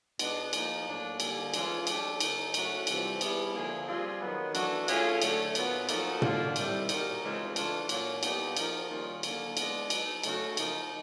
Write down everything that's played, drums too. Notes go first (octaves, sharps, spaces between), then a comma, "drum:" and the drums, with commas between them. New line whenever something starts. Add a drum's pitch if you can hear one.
B2 G#3 B3 D4, drum: cymbal
F3 A#3 D#4, drum: cymbal
A2 F#3 A#3 D4
D3 G3 A#3 D#4 G#4, drum: cymbal
E3 G#3 C#4 F4 G#4, drum: cymbal
F#3 A3 D4 G4, drum: cymbal
C#3 F#3 A#3 D#4, drum: cymbal
A3 C#4 F#4, drum: cymbal
C3 E3 G3 C4 F4, drum: cymbal
G3 B3 E4 G#4, drum: cymbal
D3 F3 A#3 D#4 G#4
G3 C4 F4 G#4
D#3 F#3 B3
E3 A3 D4 F#4, drum: cymbal
A3 C#4 F4 G#4, drum: cymbal
D3 F#3 A3, drum: cymbal
A#2 F#3 B3, drum: cymbal
F3 A#3 D#4 F#4 A4, drum: cymbal
D3 F#3 A#3 D4 F4, drum: tom
C3 D#3 G3 C4 E4, drum: cymbal
G3 A#3 D#4 F#4 A#4, drum: cymbal
C#3 E3 G#3 C4 F4
E3 A3 D4 F4, drum: cymbal
A#2 F#3 A#3 C#4 F#4, drum: cymbal
A#2 G3 B3 D#4 G4, drum: cymbal
F3 A#3 D#4 F#4 A#4, drum: cymbal
D#3 G3 A#3 C#4 F4
D3 F#3 A#3, drum: cymbal
G#3 B3 D4, drum: cymbal
F#3 B3 D#4, drum: cymbal
C#3 F#3 A3 C#4 F#4, drum: cymbal
F3 A#3 D#4, drum: cymbal